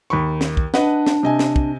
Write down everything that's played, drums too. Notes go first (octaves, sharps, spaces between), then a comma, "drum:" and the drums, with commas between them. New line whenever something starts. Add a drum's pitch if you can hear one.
D#2 B5 C#6
drum: snare
drum: kick
D4 B4 D#5 F#5, drum: snare
drum: snare
C3 D#5 G#5
drum: snare
drum: kick